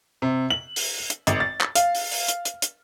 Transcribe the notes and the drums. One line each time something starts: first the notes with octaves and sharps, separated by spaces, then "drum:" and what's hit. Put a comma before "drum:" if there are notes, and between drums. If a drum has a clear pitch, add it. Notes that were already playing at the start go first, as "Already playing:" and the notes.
C3
F#7
drum: open hi-hat
drum: hi-hat
G#1, drum: hi-hat
A6
drum: clap
F5, drum: hi-hat
drum: open hi-hat
drum: open hi-hat
drum: hi-hat
drum: hi-hat
drum: hi-hat